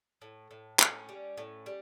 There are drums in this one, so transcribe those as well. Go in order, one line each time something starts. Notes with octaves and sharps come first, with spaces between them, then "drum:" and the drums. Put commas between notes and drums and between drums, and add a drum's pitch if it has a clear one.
A2
A2
A2 C#4, drum: clap
G3
A2
G3